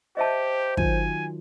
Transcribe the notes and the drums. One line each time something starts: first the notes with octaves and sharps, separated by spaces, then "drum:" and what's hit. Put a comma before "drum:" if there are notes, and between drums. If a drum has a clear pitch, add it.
G4 C5 D#5 E5 A5
D#3 F#3 F4 G#5, drum: kick